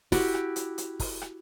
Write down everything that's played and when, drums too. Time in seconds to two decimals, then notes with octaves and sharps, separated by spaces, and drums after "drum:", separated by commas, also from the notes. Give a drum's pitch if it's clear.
0.12 E4 F#4 G4, drum: kick, open hi-hat
0.34 drum: rim click
0.56 drum: hi-hat
0.78 drum: hi-hat
1.00 drum: kick, open hi-hat
1.22 drum: rim click